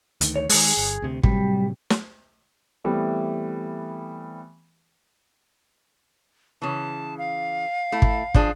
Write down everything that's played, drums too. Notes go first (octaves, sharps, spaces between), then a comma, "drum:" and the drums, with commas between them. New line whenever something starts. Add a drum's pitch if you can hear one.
D2 D#3, drum: hi-hat
C#5
D#3 G#3 G#4 F#6, drum: open hi-hat
G1
D2 C3
A2 C3 F#3 G3, drum: kick
drum: snare
E3 G3 A3 B3 C4
C#3 E3 A5
F5
A3 E4
drum: kick
F3 D4 G#4, drum: kick